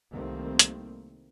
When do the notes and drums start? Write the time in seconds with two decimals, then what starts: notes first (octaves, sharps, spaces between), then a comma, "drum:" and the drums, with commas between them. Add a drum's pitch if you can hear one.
0.12 C2 D#3 G3 A3 A#3 C4
0.59 drum: hi-hat